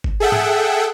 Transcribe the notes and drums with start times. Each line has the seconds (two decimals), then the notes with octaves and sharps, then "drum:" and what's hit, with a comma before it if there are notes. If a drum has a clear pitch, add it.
0.04 drum: kick G1
0.20 G#4 A4 E5 F#5 G5
0.32 drum: tom G#2